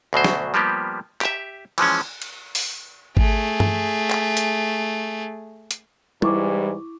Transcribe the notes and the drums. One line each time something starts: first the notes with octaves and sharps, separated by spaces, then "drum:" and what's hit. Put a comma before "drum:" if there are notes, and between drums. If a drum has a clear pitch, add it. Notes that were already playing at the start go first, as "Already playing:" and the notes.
D2 B2 F#3 C5
drum: snare
F3 G3 A#3 B3 G4
G4 E5, drum: clap
E3 F3 G#3 C#4, drum: cymbal
drum: cymbal
drum: open hi-hat
A3 G#4, drum: kick G#1
drum: tom G2
drum: clap
drum: hi-hat
drum: hi-hat
G#2 E3 G3 E4 C#6 D6, drum: tom